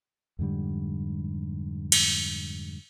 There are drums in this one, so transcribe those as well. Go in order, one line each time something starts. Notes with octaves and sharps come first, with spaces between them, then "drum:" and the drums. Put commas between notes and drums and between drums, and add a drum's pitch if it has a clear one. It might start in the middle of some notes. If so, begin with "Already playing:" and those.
F2 G#2 D3 G3
drum: cymbal